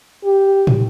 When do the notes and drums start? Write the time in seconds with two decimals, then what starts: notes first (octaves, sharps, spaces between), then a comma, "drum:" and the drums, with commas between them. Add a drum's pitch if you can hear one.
0.24 G4
0.67 drum: tom